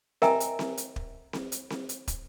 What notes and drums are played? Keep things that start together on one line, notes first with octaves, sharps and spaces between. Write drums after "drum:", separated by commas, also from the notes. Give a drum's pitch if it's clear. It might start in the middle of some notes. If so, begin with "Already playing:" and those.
A#4 D#5 E5 G5 G#5 A#5, drum: snare C4
drum: hi-hat
drum: snare C4
drum: hi-hat
drum: kick
drum: snare C4
drum: hi-hat
drum: snare C4
drum: hi-hat
drum: kick, hi-hat